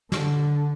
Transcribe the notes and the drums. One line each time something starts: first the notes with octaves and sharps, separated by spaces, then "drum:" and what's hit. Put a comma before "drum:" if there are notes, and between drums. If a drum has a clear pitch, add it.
D3, drum: snare